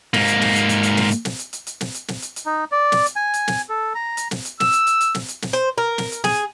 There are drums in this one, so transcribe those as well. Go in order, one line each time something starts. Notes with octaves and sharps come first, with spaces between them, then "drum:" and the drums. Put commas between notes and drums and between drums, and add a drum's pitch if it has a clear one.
G#2 A#3, drum: snare
drum: hi-hat
drum: snare
drum: hi-hat
drum: hi-hat
drum: hi-hat
drum: snare
drum: hi-hat
drum: snare
drum: hi-hat
drum: hi-hat
drum: hi-hat
drum: snare
drum: hi-hat
drum: snare
drum: hi-hat
drum: hi-hat
D#4
D5
drum: snare
drum: hi-hat
G#5
drum: hi-hat
drum: snare
A4
A#5
drum: hi-hat
drum: snare
drum: hi-hat
E6, drum: snare
drum: hi-hat
drum: hi-hat
drum: hi-hat
drum: snare
drum: hi-hat
drum: snare
C5
A#4
drum: snare
drum: hi-hat
G#4, drum: snare